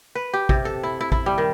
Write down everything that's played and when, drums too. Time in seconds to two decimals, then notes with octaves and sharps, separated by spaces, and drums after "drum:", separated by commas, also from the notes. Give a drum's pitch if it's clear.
0.15 B4
0.33 G4
0.49 C3, drum: kick
0.65 A4
0.83 E4
1.01 E4
1.12 E4, drum: kick
1.26 G3
1.38 D#3